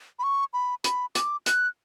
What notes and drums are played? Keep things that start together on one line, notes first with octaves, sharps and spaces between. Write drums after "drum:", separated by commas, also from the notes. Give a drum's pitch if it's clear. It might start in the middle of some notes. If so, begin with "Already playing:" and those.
B5
C#6
B5
B5, drum: hi-hat
D6, drum: hi-hat
F#6, drum: hi-hat